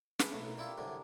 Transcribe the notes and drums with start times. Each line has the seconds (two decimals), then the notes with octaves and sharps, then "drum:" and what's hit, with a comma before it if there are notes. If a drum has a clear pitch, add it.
0.19 A3 G#4 B4 F#5, drum: snare
0.32 B1 A2 E4 A#4
0.57 G3 E4 F4 G4 C5
0.78 C2 F#2 D3 D4 G#4